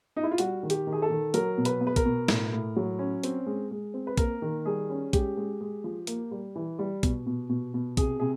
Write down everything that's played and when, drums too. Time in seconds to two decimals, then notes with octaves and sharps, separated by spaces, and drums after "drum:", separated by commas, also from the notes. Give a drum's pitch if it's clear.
0.16 D#4
0.23 E4
0.31 F4
0.38 G3 F#4, drum: hi-hat
0.63 D#3
0.70 G4, drum: hi-hat
0.87 D#3
0.92 G#4
1.02 A4
1.10 D#3
1.34 F#3 A#4, drum: hi-hat
1.58 B2
1.65 B4, drum: hi-hat
1.81 B3
1.87 B4
1.96 A#4, drum: kick, hi-hat
2.05 B2
2.28 A2, drum: snare
2.53 A2
2.76 F#3
2.99 C#4
3.24 C4, drum: hi-hat
3.46 G#3
3.71 G#3
3.94 C4
4.07 B4
4.17 A#3 A#4, drum: kick, hi-hat
4.42 D#3
4.65 G3 G#4
4.90 C#4
5.13 G#3 G4, drum: kick, hi-hat
5.37 G#3
5.61 G#3
5.84 F3
6.07 A#3, drum: hi-hat
6.31 G3
6.56 E3
6.79 G3
7.03 B2, drum: kick, hi-hat
7.26 B2
7.49 B2
7.74 B2
7.97 C3 G#4, drum: kick, hi-hat
8.20 C3 G#4